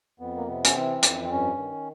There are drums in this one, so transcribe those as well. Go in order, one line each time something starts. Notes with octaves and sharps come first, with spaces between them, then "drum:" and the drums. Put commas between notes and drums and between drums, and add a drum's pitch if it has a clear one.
F2 B3
A#3
C3 B3
C#4, drum: hi-hat
E3 C4
F2, drum: hi-hat
C4
G2 C#4
D#3